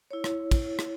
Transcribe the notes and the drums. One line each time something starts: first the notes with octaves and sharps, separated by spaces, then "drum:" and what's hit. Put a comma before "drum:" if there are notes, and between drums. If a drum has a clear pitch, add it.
E4 C#5
drum: rim click
drum: kick, cymbal
drum: rim click